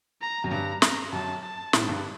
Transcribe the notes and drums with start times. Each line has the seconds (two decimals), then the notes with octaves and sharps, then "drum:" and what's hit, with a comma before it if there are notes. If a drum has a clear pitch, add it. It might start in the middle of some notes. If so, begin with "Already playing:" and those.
0.22 A#5
0.44 F#2
0.51 G2 A#5
0.82 A#5, drum: snare
1.12 F#2 A5
1.43 A5
1.73 A2, drum: snare
1.81 G#2
1.89 G2